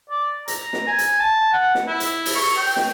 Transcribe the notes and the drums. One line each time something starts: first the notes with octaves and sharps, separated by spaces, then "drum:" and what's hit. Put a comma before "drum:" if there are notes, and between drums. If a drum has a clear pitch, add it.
D5
A#5, drum: hi-hat
drum: snare
G#5
drum: hi-hat
A5
F#5
drum: snare
E4
drum: hi-hat
drum: open hi-hat
C#6
G5
drum: snare